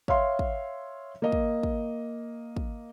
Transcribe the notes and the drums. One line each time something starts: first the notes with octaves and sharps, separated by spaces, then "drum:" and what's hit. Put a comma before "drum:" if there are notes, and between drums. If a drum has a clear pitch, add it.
C#5 E5 F5 C6, drum: kick
drum: kick
A#3 D#5
drum: kick
drum: kick
drum: kick